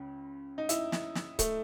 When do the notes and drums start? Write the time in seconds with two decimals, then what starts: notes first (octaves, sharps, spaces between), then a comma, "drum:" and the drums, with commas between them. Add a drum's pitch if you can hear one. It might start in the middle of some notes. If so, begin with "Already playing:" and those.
Already playing: C#2 C#3
0.58 D#4
0.69 E4, drum: hi-hat
0.92 drum: snare
1.15 drum: snare
1.39 A3, drum: kick C#1, hi-hat